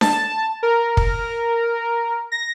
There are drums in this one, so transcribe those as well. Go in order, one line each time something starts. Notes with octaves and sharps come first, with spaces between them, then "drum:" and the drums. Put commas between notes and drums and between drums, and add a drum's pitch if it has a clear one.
A5, drum: snare D4
A#4
drum: kick
A#6